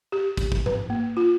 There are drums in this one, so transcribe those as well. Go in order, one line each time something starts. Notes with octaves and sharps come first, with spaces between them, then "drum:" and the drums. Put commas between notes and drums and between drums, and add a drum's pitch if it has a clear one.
G4
drum: kick, hi-hat
drum: kick
B4, drum: tom G#2
A#3
F4